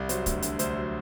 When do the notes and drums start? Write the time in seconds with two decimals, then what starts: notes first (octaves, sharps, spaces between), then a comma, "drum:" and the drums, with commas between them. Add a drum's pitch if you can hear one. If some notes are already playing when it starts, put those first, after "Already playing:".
Already playing: C2
0.09 F#3 C5, drum: hi-hat
0.26 D2, drum: kick, hi-hat
0.42 D3, drum: hi-hat
0.59 D2 C5, drum: hi-hat
0.75 F#3